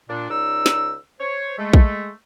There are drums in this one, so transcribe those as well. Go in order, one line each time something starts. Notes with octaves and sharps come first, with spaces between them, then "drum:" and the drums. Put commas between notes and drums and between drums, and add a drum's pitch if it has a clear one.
A#2 D4
C#2 D#4 D5 E6
drum: snare
C5 C#5
G#3 A3
drum: kick